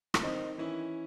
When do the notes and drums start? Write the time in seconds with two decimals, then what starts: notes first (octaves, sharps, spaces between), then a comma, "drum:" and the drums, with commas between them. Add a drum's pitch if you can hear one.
0.14 drum: rim click
0.23 D#3 C4 D#4
0.58 E3 C#4 E4